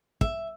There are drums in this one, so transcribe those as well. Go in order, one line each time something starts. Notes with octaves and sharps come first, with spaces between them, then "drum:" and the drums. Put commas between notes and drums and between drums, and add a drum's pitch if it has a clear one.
E5, drum: kick